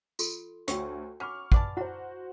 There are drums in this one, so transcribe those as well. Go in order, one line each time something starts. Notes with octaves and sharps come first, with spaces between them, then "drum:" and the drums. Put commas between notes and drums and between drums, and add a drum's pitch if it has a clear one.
F4 A4 C6, drum: tambourine
D2 F#4 C#5 G5 E6, drum: hi-hat
C#4 F#5 B5 C#6 D6 F6
B4 D5 F#5 G#5 A5, drum: kick
E4 F#4 C5 F#5 A#5